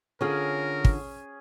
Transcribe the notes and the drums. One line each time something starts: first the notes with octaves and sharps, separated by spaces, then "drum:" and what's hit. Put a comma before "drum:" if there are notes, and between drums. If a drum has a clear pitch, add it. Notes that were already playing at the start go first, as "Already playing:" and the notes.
D3 C#4 F4 G#4 A#4
drum: kick